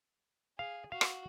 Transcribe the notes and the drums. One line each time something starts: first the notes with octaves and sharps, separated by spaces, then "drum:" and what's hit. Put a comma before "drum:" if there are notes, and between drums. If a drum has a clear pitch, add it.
G#4 F5
F#4 F5
drum: rim click